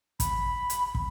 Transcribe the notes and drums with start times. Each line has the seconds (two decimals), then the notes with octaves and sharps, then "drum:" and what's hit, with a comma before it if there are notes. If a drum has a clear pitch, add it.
0.20 B5, drum: kick, hi-hat
0.70 drum: hi-hat
0.95 drum: kick